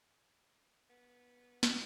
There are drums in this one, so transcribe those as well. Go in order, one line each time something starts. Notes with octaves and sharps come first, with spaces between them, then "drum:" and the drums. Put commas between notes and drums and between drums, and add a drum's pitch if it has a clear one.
B3
F#4 D5 B5, drum: snare